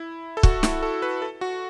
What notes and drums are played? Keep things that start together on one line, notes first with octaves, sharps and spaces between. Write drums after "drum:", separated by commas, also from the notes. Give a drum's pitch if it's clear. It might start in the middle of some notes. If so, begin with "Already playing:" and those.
Already playing: E4
A4
F#4, drum: kick
E4, drum: snare
A4
B4
A4
F#4